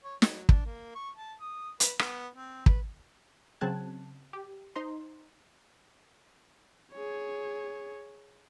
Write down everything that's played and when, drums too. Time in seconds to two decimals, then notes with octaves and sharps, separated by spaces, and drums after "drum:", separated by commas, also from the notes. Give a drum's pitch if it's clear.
0.04 C#5
0.22 F#3, drum: snare
0.49 D4, drum: kick
0.65 A#3
0.95 C#6
1.16 A5
1.40 D#6
1.80 B4, drum: hi-hat
1.99 B3, drum: rim click
2.35 C4
2.66 B4, drum: kick
3.61 C#3 F#3 C4 A5 F#6 G#6
4.33 G4
4.76 D#4 C5 A#5 C6
6.92 G#4 C#5